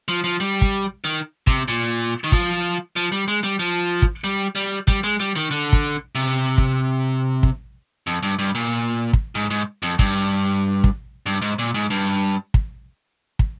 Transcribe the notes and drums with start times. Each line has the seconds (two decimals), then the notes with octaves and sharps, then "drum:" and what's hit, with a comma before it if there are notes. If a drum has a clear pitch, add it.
0.08 F3
0.24 F3
0.40 G3
0.62 drum: kick
1.04 D#3
1.47 C3, drum: kick
1.68 A#2
2.24 D#3
2.32 F3, drum: kick
2.96 F3
3.12 G3
3.28 G#3
3.44 G3
3.59 F3
4.02 drum: kick
4.24 G3
4.55 G3
4.88 G3, drum: kick
5.04 G#3
5.20 G3
5.36 D#3
5.51 D3
5.73 drum: kick
6.15 C3
6.58 drum: kick
7.43 drum: kick
8.07 F2
8.23 G2
8.39 G2
8.55 A#2
9.13 drum: kick
9.35 G#2
9.51 G#2
9.83 F2
9.99 G2, drum: kick
10.84 drum: kick
11.26 G2
11.42 G#2
11.59 A#2
11.74 G#2
11.90 G2
12.54 drum: kick
13.39 drum: kick